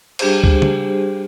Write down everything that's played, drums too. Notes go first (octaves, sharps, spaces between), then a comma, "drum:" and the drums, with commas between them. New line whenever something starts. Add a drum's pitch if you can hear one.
G3 D4 G4 G#4 C5, drum: cymbal
drum: kick C#2
drum: tom C#3